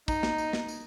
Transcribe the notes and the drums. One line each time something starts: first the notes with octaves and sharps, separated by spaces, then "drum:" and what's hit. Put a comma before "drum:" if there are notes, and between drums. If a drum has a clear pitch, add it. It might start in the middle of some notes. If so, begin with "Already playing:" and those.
D#4, drum: kick, tambourine
drum: snare
drum: tambourine
drum: snare
drum: tambourine